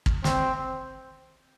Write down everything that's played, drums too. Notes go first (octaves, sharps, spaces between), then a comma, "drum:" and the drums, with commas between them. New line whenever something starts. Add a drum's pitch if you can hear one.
drum: kick
C4, drum: snare